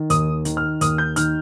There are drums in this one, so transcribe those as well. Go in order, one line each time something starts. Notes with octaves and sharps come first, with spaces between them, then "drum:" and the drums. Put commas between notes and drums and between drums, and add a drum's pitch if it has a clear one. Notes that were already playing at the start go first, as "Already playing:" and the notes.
Already playing: D#3
D#2 D#6, drum: hi-hat
D#3, drum: hi-hat
F6
D#2 D#6, drum: hi-hat
G6
D#3 F6, drum: hi-hat